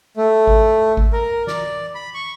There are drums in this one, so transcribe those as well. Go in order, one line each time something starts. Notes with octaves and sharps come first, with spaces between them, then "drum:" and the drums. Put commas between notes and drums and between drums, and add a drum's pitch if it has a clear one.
A3
drum: kick G#1
drum: kick G#1
A#4
D5, drum: snare
B5
C#6